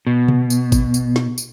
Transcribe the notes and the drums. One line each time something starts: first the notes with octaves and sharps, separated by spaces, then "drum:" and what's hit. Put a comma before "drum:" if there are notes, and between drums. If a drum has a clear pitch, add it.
B2
drum: tom B2
drum: tambourine
drum: kick, tambourine
drum: tambourine
drum: snare
drum: tambourine